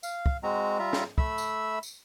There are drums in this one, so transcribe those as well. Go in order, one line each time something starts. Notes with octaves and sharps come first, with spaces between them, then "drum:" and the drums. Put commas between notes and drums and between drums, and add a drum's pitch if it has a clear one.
F5, drum: tambourine
drum: kick
G#3 C4 F#4 A#5
G3 F4 E5 A#5
drum: snare
A3 E5 B5 E6, drum: kick
drum: tambourine
drum: tambourine